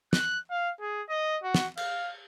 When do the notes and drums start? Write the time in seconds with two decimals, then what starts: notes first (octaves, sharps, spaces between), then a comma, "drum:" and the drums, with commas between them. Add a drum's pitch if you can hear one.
0.13 F#6, drum: snare
0.51 F5
0.81 G#4
1.09 D#5
1.44 F#4
1.55 drum: snare
1.77 F5, drum: cymbal